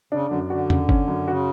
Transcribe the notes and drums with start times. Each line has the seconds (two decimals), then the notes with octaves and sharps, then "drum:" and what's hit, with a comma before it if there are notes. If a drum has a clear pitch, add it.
0.12 C#3 D4
0.26 D3
0.31 F#2
0.50 D3 F#4
0.70 C#3, drum: tom E2
0.89 C#4, drum: kick
1.08 F#2
1.28 C#3 F#4